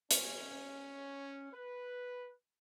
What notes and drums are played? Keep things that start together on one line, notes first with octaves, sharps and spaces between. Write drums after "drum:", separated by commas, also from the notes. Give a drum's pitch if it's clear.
C#4, drum: hi-hat
B4